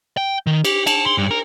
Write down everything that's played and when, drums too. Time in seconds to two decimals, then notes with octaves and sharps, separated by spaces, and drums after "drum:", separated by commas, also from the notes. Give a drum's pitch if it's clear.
0.17 G5
0.47 D#3
0.65 G4, drum: cymbal
0.87 A5, drum: cymbal
1.06 C6
1.18 G2
1.31 A#4